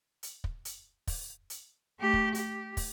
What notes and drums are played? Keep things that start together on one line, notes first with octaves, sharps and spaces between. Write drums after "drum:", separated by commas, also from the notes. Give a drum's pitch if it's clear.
drum: hi-hat
drum: kick
drum: hi-hat
drum: kick, open hi-hat
drum: hi-hat
A3 G4
drum: kick
G4, drum: hi-hat
drum: kick, open hi-hat